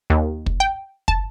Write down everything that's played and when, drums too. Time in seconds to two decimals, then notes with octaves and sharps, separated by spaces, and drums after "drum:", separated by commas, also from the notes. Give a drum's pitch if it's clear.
0.10 D#2
0.46 drum: kick
0.60 G5
1.08 A5, drum: kick